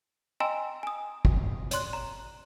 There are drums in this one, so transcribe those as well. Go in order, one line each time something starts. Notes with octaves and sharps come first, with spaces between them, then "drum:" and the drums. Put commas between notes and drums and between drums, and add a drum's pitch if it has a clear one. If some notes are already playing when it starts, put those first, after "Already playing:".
D#5 G5 G#5 A#5 C6 E6
G#5 D#6
drum: kick
C#5 D5 C6 F#6, drum: hi-hat
A#5